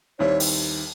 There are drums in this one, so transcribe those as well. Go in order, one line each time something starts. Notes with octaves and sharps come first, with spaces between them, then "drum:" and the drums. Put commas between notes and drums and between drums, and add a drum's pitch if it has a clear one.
D#2 D#3 G3 C4 E4 C#5
drum: open hi-hat